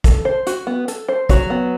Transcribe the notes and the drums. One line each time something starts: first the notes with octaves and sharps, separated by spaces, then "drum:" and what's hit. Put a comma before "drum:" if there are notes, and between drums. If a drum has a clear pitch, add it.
A4, drum: kick, hi-hat
C5
F#4, drum: hi-hat
B3
A4, drum: hi-hat
C5
F#3 F#4, drum: kick, hi-hat
B3